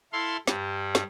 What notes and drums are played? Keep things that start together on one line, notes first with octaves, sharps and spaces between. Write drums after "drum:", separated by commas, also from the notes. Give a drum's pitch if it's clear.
E4 A4 F5 C6
G2 G3, drum: snare
drum: snare